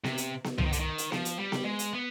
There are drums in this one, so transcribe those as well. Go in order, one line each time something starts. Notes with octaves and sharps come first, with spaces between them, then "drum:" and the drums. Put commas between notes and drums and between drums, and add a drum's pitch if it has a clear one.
C3, drum: snare B3
drum: hi-hat
drum: snare B3
F3, drum: tom C2
D#3
D3, drum: hi-hat
D#3
drum: hi-hat
F3, drum: snare B3
drum: hi-hat
G3
drum: snare B3
G#3
drum: hi-hat
B3